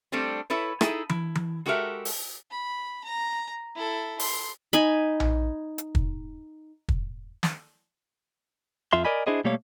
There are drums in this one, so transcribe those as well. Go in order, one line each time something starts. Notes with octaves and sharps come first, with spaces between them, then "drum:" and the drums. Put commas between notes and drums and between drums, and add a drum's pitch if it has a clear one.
G3 A3 C4 D4 A4
E4 A4 B4 C#5
D#4 E4 G#4 A4, drum: rim click
E4, drum: tom E3
drum: tom E3
G#3 F#4 G4 A4 A#4 E5
drum: open hi-hat
B5
A#5
E4 A4
C6, drum: open hi-hat
D#4 G#5 B5, drum: hi-hat
drum: tom A#1
drum: hi-hat
drum: kick
drum: kick
drum: snare
F2 F4 E5 C6
A#4 D5 D#5 G#5 B5
D4 E4 G#4 C5 D#5
B2 G3 A3 A#3 C#5 F5